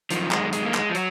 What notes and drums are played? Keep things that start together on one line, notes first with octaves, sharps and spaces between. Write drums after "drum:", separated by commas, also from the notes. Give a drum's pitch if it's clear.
F#2 D#3 F3, drum: hi-hat
G#3, drum: clap
G#3, drum: hi-hat
A#3
G#3, drum: clap
F3
F#3, drum: hi-hat